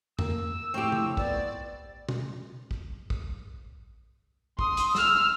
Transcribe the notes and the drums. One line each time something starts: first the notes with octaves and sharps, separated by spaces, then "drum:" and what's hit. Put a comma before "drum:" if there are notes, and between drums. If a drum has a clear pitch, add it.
A#3 E6, drum: tom F2
F2 A2 C4 G4 C#6
drum: tom
B3 B4 D5, drum: kick
drum: tom
drum: kick
drum: kick
C6 D#6, drum: kick
drum: hi-hat
E6 F6, drum: snare